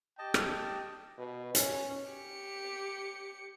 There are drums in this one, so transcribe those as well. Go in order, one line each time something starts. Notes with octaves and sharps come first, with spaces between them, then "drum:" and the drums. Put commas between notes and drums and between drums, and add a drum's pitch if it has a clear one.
G4 D#5 G5 A5
drum: rim click
B2
C#4, drum: hi-hat
G4 C#7